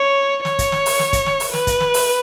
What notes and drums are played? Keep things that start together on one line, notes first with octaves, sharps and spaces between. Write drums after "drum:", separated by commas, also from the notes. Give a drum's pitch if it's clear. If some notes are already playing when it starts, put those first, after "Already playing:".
Already playing: C#5
C#5, drum: snare
drum: kick, hi-hat
drum: snare
drum: open hi-hat
drum: snare
drum: kick, hi-hat
drum: snare
drum: open hi-hat
B4, drum: snare
drum: kick, hi-hat
drum: snare
drum: open hi-hat